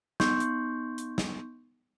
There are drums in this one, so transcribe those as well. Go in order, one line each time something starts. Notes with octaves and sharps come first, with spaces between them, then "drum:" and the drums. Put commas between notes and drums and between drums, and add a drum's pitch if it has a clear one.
B3 D#4 C6 C#6 G6, drum: snare
drum: hi-hat
drum: hi-hat
drum: snare